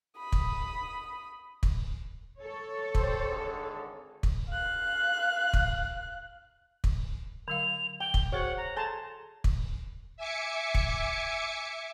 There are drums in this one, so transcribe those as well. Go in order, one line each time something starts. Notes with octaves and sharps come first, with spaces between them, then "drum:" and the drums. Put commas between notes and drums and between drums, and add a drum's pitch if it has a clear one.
B5 D#6
drum: kick
drum: kick
A4 C#5
G4 C5, drum: kick
G#1 D3 G#4
drum: kick
F5 F#6
drum: kick
drum: kick
D3 F#3 F5 F7
G5 G7
drum: kick
F#4 G#4 C5 C#5 F#5
A#5
G#4 A4 G#5 A5 C6
drum: kick
E5 G#5 D6 C#7
drum: kick